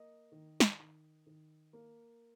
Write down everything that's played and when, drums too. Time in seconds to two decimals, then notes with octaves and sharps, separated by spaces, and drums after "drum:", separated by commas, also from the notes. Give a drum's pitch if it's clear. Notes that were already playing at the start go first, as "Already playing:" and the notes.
Already playing: A#3 D#5
0.32 D#3
0.60 drum: snare
0.79 D#3
1.26 D#3
1.73 A#3